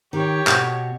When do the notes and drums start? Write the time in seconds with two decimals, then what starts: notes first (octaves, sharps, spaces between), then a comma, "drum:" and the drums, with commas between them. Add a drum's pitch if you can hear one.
0.13 D#3 G4 C#5
0.47 B2, drum: clap